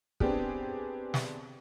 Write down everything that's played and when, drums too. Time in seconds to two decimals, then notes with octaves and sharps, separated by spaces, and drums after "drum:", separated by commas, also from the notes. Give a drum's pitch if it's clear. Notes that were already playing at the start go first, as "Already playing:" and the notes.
0.20 B3 C4 D4 G4 G#4, drum: kick
1.14 drum: snare